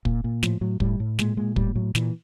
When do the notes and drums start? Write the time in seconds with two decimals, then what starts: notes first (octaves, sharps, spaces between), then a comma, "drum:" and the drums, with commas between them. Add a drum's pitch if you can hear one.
0.05 A#2, drum: kick
0.24 A#2
0.43 A2 F3, drum: snare
0.61 A2 F#3
0.80 A2 G3, drum: kick
1.00 A2
1.19 A#2 G#3, drum: snare
1.37 A#2 G#3
1.56 A2 G3, drum: kick
1.75 A2 F#3
1.95 A#2 E3, drum: snare